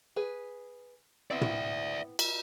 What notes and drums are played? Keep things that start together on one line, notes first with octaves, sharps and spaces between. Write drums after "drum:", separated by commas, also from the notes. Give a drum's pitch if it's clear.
G#4 B4
B3 C4 E4 D5 E5
drum: tom
drum: cymbal